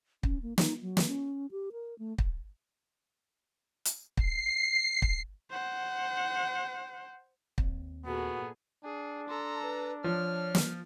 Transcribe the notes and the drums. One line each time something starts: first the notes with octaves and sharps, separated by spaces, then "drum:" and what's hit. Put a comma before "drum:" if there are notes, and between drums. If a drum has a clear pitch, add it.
C#4, drum: kick
A#3
D#4, drum: snare
F#3
drum: snare
C#4
G4
A#4
A3
drum: kick
drum: hi-hat
C7, drum: kick
drum: kick
C5 F#5
D#2 C4, drum: kick
A#2 B3 F#4 G#4 A4
D4 G#4
A4 A#5 C6
B4
F3 C#5 F6
drum: snare